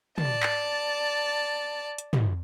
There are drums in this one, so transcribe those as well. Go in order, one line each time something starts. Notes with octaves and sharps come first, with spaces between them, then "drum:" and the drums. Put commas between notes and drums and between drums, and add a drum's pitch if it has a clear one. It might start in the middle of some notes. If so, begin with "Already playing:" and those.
D5 A5, drum: tom
drum: clap
drum: hi-hat
drum: tom